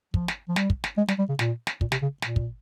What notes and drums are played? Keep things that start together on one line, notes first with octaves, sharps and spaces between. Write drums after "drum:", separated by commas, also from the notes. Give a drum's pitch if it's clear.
F3, drum: kick
drum: snare
F3
G3, drum: snare
drum: kick
drum: snare
G#3
G3, drum: snare
G3
C#3
A#2, drum: snare
drum: snare
A#2, drum: kick
C3, drum: snare
C#3
A#2, drum: snare
drum: kick